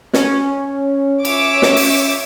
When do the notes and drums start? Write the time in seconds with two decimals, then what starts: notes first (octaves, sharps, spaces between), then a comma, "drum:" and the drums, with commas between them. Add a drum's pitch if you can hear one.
0.13 C#4, drum: snare
1.25 C#5 E5 D6, drum: cymbal
1.62 drum: snare
1.76 drum: open hi-hat